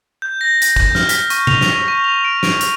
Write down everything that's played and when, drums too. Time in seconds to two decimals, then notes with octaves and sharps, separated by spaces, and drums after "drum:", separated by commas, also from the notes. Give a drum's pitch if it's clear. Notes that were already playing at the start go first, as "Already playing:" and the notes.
0.22 G6
0.41 A#6
0.62 drum: hi-hat
0.76 G6, drum: kick
0.95 F6, drum: snare
1.09 B6, drum: hi-hat
1.30 C#6, drum: hi-hat
1.47 F7, drum: tom C3
1.61 drum: snare
1.70 C#6
1.88 C#6
2.04 F7
2.24 D7
2.43 D7, drum: snare
2.61 drum: hi-hat